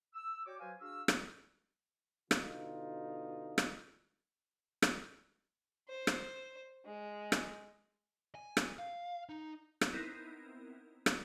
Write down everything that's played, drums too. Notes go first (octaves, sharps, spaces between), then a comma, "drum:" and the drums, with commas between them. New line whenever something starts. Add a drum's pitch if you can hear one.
E6
F#4 C#5 D5 G5 D6
F#3 F#4 B4 C5 F5 G#5
D4 F#4 G#4 F5 E6
drum: rim click
B2 D3 D#4 F4, drum: rim click
drum: rim click
drum: rim click
C5
drum: rim click
G#3
drum: rim click
G#5
drum: rim click
F5
D#4
drum: rim click
B3 C4 D#4 E4 A#4
drum: rim click